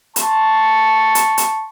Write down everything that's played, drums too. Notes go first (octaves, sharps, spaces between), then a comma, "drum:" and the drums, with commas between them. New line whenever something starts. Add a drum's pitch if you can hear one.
A5 C6 C#6, drum: hi-hat
drum: hi-hat
drum: hi-hat